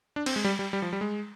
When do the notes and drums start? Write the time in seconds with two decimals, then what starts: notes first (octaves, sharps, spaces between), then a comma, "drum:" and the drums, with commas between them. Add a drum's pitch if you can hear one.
0.16 D4
0.26 C4, drum: cymbal
0.36 G#3
0.44 G3
0.59 G3
0.73 G3
0.82 F3
0.93 G3
1.01 G#3